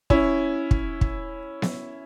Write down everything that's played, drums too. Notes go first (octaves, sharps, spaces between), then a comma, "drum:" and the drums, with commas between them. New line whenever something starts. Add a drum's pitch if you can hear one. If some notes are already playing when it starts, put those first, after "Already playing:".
C#4 E4, drum: kick
drum: kick
drum: kick
drum: snare B3